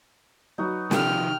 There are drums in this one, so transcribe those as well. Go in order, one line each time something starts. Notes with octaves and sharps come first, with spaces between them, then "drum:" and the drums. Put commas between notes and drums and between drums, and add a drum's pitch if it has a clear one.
F#3 D#4 F#4 B4
C3 D#3 F3 A#4 G5 F6, drum: snare